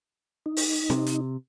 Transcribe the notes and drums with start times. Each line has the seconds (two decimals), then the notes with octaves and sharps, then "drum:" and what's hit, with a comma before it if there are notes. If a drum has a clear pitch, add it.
0.46 D#4
0.57 drum: open hi-hat
0.90 C3, drum: snare
1.07 drum: hi-hat